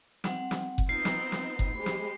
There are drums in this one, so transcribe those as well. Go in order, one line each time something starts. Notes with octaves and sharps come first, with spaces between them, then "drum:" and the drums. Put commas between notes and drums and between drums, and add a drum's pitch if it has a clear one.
G3 C4 F#5, drum: snare
drum: snare
drum: kick F#1
B3 C4 D#4 F4 C7
drum: snare
drum: snare
drum: kick F#1
G#3 G4 C5 B5
drum: snare